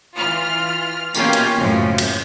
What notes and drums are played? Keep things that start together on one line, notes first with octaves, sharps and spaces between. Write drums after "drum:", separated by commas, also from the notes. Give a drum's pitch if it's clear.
E3 F4 F6
B2 E3 A#3 C#4 F4 G4, drum: tambourine
drum: hi-hat
F#2 A2 C#3 F3
drum: cymbal